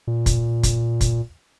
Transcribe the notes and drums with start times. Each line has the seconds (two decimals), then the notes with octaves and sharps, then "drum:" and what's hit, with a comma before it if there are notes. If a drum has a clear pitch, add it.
0.07 A#2
0.26 drum: kick, hi-hat
0.63 drum: kick, hi-hat
1.01 drum: kick, hi-hat